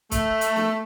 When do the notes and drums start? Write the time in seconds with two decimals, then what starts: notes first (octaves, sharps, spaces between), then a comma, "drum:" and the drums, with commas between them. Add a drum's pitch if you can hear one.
0.11 A3, drum: kick, hi-hat
0.41 drum: hi-hat
0.56 drum: snare